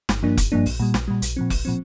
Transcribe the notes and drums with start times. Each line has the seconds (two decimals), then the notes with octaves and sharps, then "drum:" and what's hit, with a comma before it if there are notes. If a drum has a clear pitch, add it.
0.09 G1, drum: snare
0.23 G2 F3 A#3 D4
0.37 G1, drum: kick F1, hi-hat
0.52 G2 F3 A#3 D4
0.66 A#1, drum: open hi-hat
0.80 A#2 G3
0.94 A#1, drum: snare
1.08 A#2 G3
1.22 A#1, drum: hi-hat
1.37 A#2 F3 C4
1.50 A#1, drum: kick F1, open hi-hat
1.65 A#2 F3 C4